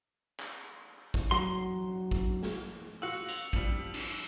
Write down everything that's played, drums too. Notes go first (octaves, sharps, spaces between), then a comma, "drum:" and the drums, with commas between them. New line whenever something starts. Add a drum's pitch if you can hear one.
drum: clap
drum: kick
F#3 C6
drum: kick
drum: snare
F4 F#4 E6 C#7
F7, drum: hi-hat
F3 G3, drum: kick
drum: cymbal